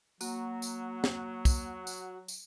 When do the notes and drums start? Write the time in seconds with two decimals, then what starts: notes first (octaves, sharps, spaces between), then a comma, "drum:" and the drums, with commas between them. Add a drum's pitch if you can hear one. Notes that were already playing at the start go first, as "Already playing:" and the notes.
0.21 F#3 A#3 F#4, drum: tambourine
0.62 drum: tambourine
1.04 drum: snare
1.45 drum: kick, tambourine
1.87 drum: tambourine
2.28 drum: tambourine